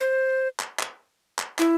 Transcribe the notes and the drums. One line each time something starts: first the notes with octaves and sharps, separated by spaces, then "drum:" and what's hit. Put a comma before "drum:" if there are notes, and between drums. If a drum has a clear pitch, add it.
C5
drum: clap
drum: clap
drum: clap
E4, drum: clap